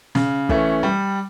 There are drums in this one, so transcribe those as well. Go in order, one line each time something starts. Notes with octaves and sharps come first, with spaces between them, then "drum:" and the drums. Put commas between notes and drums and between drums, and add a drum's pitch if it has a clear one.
C#3, drum: snare
E3 A3 C#4, drum: kick
G3